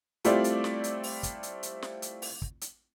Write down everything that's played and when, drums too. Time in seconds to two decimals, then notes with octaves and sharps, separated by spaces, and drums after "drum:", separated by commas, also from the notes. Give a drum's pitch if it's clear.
0.24 G3 A3 C4 E4 F4 D5, drum: hi-hat
0.44 drum: hi-hat
0.64 drum: snare
0.84 drum: hi-hat
1.03 drum: open hi-hat
1.23 drum: kick, hi-hat
1.43 drum: hi-hat
1.63 drum: hi-hat
1.82 drum: snare
2.02 drum: hi-hat
2.22 drum: open hi-hat
2.42 drum: kick
2.61 drum: hi-hat